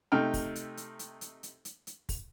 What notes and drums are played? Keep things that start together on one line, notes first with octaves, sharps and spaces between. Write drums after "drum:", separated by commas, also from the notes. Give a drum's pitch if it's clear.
C3 A3 D#4 G5 F6
drum: kick, open hi-hat
drum: hi-hat
drum: hi-hat
drum: hi-hat
drum: hi-hat
drum: hi-hat
drum: hi-hat
drum: hi-hat
drum: kick, open hi-hat